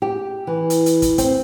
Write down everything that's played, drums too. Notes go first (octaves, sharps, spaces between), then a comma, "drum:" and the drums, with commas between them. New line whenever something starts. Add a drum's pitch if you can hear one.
G4
E3
drum: hi-hat
drum: hi-hat
drum: kick, hi-hat
C4, drum: kick, hi-hat